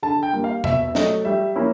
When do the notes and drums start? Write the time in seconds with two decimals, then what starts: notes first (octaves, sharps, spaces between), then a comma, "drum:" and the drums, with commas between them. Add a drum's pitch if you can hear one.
0.03 D3 A5
0.23 G5
0.33 G3 A#3
0.44 F5
0.64 B2 E5, drum: tom E2
0.88 E5
0.95 F#3 A3 D#5, drum: snare
1.25 G3 E5
1.56 A#3 C#4 E4